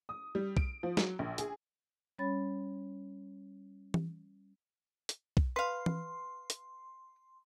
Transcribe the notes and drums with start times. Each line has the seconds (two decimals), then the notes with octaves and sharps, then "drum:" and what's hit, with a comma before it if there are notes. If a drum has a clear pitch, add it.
0.09 D#6
0.35 G3
0.57 D7, drum: kick B1
0.83 F3
0.97 F#3, drum: snare
1.19 A#1
1.38 G#4, drum: hi-hat
2.18 G3 C#4 C#5 B5 A6
3.94 drum: tom E3
5.09 drum: hi-hat
5.37 drum: kick B1
5.56 B4 F5 C6
5.86 drum: tom E3
6.50 drum: hi-hat